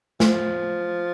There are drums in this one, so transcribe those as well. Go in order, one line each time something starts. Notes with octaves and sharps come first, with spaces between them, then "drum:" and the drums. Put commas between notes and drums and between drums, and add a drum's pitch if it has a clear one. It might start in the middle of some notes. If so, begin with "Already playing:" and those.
F3, drum: snare